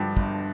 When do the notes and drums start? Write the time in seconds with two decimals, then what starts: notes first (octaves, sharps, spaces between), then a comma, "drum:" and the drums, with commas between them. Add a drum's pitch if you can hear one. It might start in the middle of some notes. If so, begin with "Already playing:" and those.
Already playing: G2 D3 F3 F#4 G4
0.17 G1, drum: kick